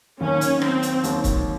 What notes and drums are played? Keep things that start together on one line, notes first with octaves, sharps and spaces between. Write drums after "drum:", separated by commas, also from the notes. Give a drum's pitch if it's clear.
D#2 D#3 F#3 C#4
drum: hi-hat
C4, drum: rim click
drum: hi-hat
D#2 D#3 F#3, drum: hi-hat
drum: kick, hi-hat